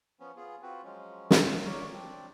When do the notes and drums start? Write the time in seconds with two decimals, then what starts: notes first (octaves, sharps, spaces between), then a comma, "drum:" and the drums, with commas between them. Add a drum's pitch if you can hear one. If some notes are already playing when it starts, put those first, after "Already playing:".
0.20 F3 B3 C#4
0.36 B3 F4 G#4
0.62 C4 F4 F#4 B4
0.84 F3 F#3 G#3 C#4
1.31 drum: snare
1.65 F#3 A3 A#4 C#5 D5
1.93 C4 D4 D5